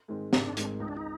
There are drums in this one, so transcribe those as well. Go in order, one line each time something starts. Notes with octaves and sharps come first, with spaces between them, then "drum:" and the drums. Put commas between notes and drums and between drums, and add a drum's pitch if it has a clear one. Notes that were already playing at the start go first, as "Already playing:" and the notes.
G#2 D#3 G#3 C4
G#1 D4, drum: snare
G#2 D#3 G#3 C4, drum: hi-hat
C#2 D#4
D4
D#4